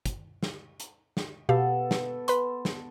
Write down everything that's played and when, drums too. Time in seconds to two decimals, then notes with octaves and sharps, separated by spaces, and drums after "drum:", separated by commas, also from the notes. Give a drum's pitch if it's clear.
0.05 drum: kick, hi-hat
0.43 drum: snare
0.80 drum: hi-hat
1.17 drum: snare
1.49 B2 B3 G4 A4 F5
1.91 drum: snare
2.28 B4 B5 C6, drum: hi-hat
2.65 drum: snare